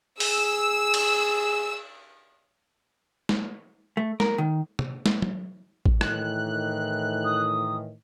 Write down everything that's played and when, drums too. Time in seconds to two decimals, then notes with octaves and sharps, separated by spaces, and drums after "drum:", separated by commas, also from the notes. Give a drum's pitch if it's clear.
0.20 G#4 E6, drum: open hi-hat
0.94 drum: cymbal
3.29 drum: snare
3.97 A3
4.20 A#4, drum: snare
4.38 D#3
4.79 drum: tom
5.06 drum: snare
5.22 drum: tom
5.86 drum: kick A1
6.01 A2 D#3 E3 F#6, drum: rim click
7.25 D#6